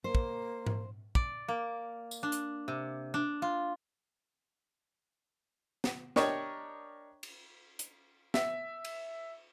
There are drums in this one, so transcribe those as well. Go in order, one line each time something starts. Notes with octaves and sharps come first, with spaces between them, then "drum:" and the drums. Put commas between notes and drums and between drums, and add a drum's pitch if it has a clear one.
A#3 C5
drum: kick
drum: tom G#2
D5, drum: kick
A#3
drum: tambourine
D4
drum: hi-hat
C3
D4
F4
drum: snare
D4 G4 A#4 C#5 D#5 C#6, drum: snare
drum: cymbal
drum: hi-hat
E5, drum: snare
drum: cymbal